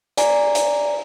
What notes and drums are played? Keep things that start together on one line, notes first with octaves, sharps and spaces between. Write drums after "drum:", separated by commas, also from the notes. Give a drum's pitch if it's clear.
D5 G#5 A#5, drum: hi-hat
drum: hi-hat